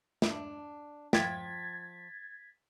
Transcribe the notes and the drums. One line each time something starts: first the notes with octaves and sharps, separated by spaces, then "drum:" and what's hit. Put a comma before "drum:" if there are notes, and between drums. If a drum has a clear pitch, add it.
D4, drum: snare
F3 G5 G#6 A6 B6, drum: snare